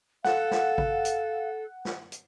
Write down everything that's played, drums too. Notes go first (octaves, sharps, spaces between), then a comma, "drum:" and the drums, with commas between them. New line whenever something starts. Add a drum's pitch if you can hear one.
A4 F5 F#5, drum: snare
drum: snare
drum: kick G#1
drum: hi-hat
drum: snare
drum: hi-hat